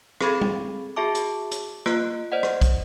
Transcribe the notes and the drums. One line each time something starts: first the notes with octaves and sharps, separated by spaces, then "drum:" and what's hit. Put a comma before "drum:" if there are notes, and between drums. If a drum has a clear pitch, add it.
C4 G#4 A4 B5 G#6 A6, drum: rim click
drum: tom
F#4 G#4 E5 A5 D6
drum: hi-hat
drum: hi-hat
A#3 F4 F#6, drum: rim click
C5 D5 D#5 F#5
drum: rim click
drum: kick, hi-hat